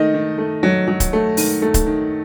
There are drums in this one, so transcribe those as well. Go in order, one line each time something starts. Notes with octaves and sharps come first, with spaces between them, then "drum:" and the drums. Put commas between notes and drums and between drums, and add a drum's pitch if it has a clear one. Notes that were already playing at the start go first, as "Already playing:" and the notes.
Already playing: D#3 A3 D#5
D#3
A3
F#3
F#3
drum: kick D1, hi-hat
A3
D#3, drum: open hi-hat
A3
drum: kick D1, hi-hat
D#3